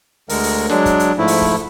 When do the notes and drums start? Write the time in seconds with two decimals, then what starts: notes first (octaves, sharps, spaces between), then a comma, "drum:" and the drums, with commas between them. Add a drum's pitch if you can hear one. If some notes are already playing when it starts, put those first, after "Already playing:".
0.29 D2 D3 G#3 A#4, drum: open hi-hat
0.43 drum: open hi-hat
0.69 F#3 G#3 D4, drum: snare
0.86 drum: kick, hi-hat
1.00 drum: hi-hat
1.18 G#2 F3 A3 E4
1.28 drum: open hi-hat
1.42 drum: kick